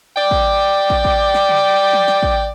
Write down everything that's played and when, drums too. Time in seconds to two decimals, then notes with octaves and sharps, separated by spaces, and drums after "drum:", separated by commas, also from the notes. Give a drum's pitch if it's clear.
0.16 D5 G5
0.31 drum: kick
0.90 drum: kick
1.05 drum: kick
1.34 drum: snare
1.49 drum: tom
1.93 drum: tom
2.08 drum: snare
2.23 drum: kick